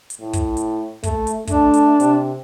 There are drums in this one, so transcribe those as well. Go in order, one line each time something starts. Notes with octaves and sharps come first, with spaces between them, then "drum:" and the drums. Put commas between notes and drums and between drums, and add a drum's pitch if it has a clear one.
drum: hi-hat
A2
drum: kick, hi-hat
drum: hi-hat
A3, drum: kick, hi-hat
drum: hi-hat
A3 D4, drum: kick, hi-hat
drum: hi-hat
C3, drum: hi-hat